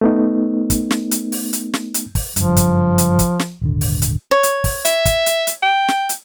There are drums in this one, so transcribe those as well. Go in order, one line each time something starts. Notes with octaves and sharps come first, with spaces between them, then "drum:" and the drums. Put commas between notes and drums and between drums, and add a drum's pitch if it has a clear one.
A3 B3 D#4
drum: kick, hi-hat
drum: snare
drum: hi-hat
drum: open hi-hat
drum: hi-hat
drum: snare
drum: hi-hat
drum: kick, open hi-hat
F#1 G2 F3, drum: hi-hat
drum: kick, hi-hat
drum: hi-hat
drum: kick, hi-hat
drum: snare
D#1 G#1 D3
drum: open hi-hat
drum: hi-hat
C#5
drum: hi-hat
drum: kick, open hi-hat
E5, drum: hi-hat
drum: kick, hi-hat
drum: hi-hat
drum: hi-hat
G5
drum: snare
drum: hi-hat